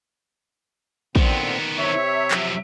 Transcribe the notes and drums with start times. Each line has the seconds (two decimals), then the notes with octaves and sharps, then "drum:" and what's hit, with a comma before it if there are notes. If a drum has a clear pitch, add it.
1.16 A#2 D3 D#3 B3 C4, drum: kick
1.78 C3 C#5 E5
2.31 F#2 F3, drum: clap